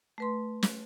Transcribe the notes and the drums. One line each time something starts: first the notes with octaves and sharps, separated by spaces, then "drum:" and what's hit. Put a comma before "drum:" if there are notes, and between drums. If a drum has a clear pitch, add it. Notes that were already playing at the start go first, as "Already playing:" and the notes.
A3 B4 C6
drum: snare